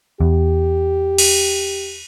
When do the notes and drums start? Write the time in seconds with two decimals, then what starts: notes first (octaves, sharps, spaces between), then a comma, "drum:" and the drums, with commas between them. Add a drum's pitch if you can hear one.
0.21 E2 G4
1.18 drum: cymbal